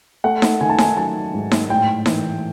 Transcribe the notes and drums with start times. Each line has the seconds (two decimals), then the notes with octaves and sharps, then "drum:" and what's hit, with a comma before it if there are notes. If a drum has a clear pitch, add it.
0.24 A3 F#5
0.42 drum: snare D#4
0.61 D#3 G#5
0.69 A5
0.78 G#5, drum: snare D#4
0.97 F#3 A5
1.34 G#2
1.51 drum: snare D#4
1.69 A2 G5
2.06 E3, drum: snare D#4